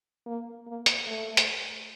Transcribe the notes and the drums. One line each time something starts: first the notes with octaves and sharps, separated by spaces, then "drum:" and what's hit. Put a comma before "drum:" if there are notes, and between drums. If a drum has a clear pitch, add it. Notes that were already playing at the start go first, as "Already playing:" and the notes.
A#3
A#3
drum: hi-hat
A3
drum: hi-hat